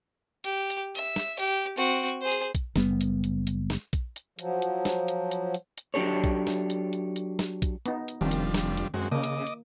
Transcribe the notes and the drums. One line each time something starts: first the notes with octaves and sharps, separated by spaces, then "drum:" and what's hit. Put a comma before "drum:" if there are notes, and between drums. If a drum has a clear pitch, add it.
G4, drum: hi-hat
drum: hi-hat
E5, drum: hi-hat
drum: snare
G4, drum: hi-hat
C4 F#4
drum: hi-hat
G#4 C5
drum: hi-hat
drum: kick A#1, hi-hat
F#1 G3 B3, drum: snare
drum: hi-hat
drum: hi-hat
drum: hi-hat
drum: snare
drum: kick A#1, hi-hat
drum: hi-hat
F3 F#3, drum: hi-hat
drum: hi-hat
drum: snare
drum: hi-hat
drum: hi-hat
drum: hi-hat
drum: hi-hat
F#3 D4 G4 A4 C#5
drum: kick A#1, hi-hat
drum: snare
drum: hi-hat
drum: hi-hat
drum: hi-hat
drum: snare
drum: kick A#1, hi-hat
B3 D#4, drum: hi-hat
drum: hi-hat
F1 D#3 F3 G3 C4 D4
drum: hi-hat
drum: snare
drum: hi-hat
F#2 G#3 C4 F#4
C#3 A#3 D#5 D6
drum: hi-hat
drum: hi-hat